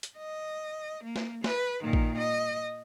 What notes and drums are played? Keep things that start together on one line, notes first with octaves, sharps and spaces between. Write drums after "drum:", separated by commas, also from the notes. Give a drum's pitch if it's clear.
drum: hi-hat
D#5
A#3
drum: snare
B4, drum: snare
A#2 D#3
drum: kick A1
D#5